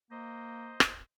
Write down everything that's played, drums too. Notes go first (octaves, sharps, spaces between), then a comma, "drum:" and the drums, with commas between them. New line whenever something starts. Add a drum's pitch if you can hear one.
A#3 C5 D#5
drum: rim click